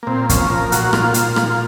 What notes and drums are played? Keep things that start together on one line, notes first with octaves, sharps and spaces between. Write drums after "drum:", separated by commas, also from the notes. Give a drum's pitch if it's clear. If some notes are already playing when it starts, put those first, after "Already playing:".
A#3
A#2 C4
F3 C#4, drum: kick, hi-hat
F3 A#4
A#2 F#4, drum: hi-hat
A#2 F4, drum: rim click
A#2, drum: hi-hat
A#2, drum: rim click